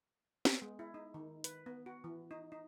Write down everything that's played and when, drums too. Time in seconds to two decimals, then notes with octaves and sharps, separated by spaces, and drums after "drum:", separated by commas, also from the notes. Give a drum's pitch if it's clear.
0.45 B3, drum: snare
0.62 G#3
0.79 E4
0.94 D#4
1.14 D#3
1.44 B4, drum: hi-hat
1.66 B3
1.86 F#4
2.04 E3
2.31 D#4
2.52 D#4